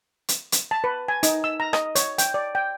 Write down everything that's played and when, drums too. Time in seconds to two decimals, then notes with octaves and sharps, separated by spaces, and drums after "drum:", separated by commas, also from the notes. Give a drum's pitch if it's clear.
0.28 drum: hi-hat
0.52 drum: hi-hat
0.71 A5
0.84 B4
1.08 G#5
1.23 D#4, drum: hi-hat
1.44 E6
1.60 A#5
1.73 D#5, drum: rim click
1.95 C#5, drum: hi-hat
2.18 G5, drum: hi-hat
2.34 D5
2.55 G5